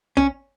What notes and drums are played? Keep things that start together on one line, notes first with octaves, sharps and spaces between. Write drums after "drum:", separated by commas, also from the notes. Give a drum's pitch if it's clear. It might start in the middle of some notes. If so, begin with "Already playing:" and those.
C#4, drum: kick